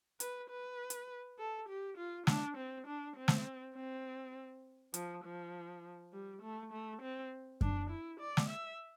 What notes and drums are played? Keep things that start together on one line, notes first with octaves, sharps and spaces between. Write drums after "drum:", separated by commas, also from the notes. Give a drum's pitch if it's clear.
B4, drum: hi-hat
B4
drum: hi-hat
A4
G4
F4
D4, drum: snare
C4
D4
C4
drum: snare
C4
F3, drum: hi-hat
F3
G3
A3
A3
C4
D4, drum: kick F#2
E4
D5
drum: snare
E5